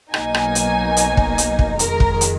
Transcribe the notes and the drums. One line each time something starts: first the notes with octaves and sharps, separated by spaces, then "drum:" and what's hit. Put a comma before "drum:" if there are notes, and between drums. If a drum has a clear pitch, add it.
B1 B2 F#3 A#3 D#4 G#5, drum: rim click
drum: rim click
drum: hi-hat
drum: hi-hat
drum: kick
drum: hi-hat
drum: kick
F2 D#3 G#3 A#4, drum: hi-hat
drum: kick
drum: hi-hat